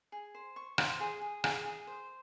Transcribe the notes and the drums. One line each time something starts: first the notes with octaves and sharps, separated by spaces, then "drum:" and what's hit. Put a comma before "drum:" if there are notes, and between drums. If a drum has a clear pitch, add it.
G#4
C5
C#6
C5, drum: rim click
G#4
G#4
G#4, drum: rim click
G#4
C5